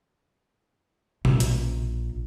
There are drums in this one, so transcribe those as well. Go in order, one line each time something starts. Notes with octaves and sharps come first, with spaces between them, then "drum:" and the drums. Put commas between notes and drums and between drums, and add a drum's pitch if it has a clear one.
A#1, drum: tom B2
drum: hi-hat